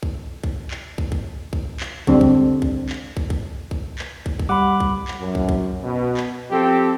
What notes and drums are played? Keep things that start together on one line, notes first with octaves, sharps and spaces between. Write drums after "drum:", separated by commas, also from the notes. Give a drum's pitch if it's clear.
drum: kick
drum: kick
drum: clap
drum: kick
drum: kick
drum: kick
drum: clap
D3 G3 G#3 C4 D4, drum: kick
drum: kick
drum: kick
drum: clap
drum: kick
drum: kick
drum: kick
drum: clap
drum: kick
drum: kick
G3 F#5 B5 D6
drum: kick
drum: clap
F#2
drum: kick
drum: kick
B2
drum: clap
F3 C4 G4 A4